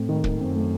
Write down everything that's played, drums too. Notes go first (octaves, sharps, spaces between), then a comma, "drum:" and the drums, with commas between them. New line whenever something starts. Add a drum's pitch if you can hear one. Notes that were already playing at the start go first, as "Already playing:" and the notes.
Already playing: A2 A3 C4
D#3
D#3, drum: kick
F#2 C4
A3